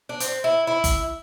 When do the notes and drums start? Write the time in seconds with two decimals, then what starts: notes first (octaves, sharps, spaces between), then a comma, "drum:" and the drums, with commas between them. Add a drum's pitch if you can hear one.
0.09 D4
0.20 C4, drum: hi-hat
0.44 E4
0.67 E4
0.84 drum: kick G1, hi-hat